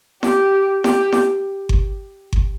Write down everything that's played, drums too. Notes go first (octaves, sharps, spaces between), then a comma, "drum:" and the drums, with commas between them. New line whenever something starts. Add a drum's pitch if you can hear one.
G4, drum: snare E4
G4, drum: snare E4
drum: snare E4
drum: kick G1
drum: kick G1